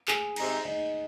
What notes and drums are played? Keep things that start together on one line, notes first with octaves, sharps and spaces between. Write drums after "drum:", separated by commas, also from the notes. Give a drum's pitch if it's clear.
G#4, drum: clap
C3 G#3 C4 D#4, drum: cymbal
D#4